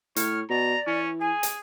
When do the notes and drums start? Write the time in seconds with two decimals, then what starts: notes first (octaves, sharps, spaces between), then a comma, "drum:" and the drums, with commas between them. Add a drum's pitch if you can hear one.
0.16 A2 C#5 F6, drum: hi-hat
0.50 B2 D5 A#5
0.87 E3 C#4
1.20 G#4 G#5
1.43 drum: hi-hat